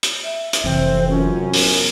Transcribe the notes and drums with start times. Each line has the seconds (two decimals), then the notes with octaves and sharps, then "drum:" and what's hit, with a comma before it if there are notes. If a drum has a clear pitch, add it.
0.03 drum: hi-hat
0.24 E5
0.53 drum: hi-hat
0.64 F1 E3 C4 C5
1.10 F#2 C#4 F4
1.53 B3 A#4, drum: open hi-hat